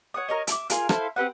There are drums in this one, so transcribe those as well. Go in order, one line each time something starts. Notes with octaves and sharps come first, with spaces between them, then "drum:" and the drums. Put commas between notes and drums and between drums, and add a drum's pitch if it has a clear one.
C#5 F#5 D#6
A#4 C#5 D#5
E5 D6, drum: hi-hat
F4 G#4 A#4 F5, drum: hi-hat
E4 A4 C5 F5, drum: rim click
C4 G4 B4 F#5